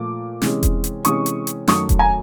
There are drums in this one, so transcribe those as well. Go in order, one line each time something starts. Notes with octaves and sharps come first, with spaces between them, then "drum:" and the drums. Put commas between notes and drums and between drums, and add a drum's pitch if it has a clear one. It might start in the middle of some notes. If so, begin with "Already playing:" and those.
Already playing: A#2 F3 A3 D6
C3 E3 G#3 C#4, drum: snare
drum: kick E1, hi-hat
drum: hi-hat
C3 E3 G#3 C#4 C#6 D#6, drum: hi-hat
drum: hi-hat
drum: hi-hat
F#2 D#3 F#3 A3 C#6 D#6, drum: snare
drum: kick E1, hi-hat
G#5 A#5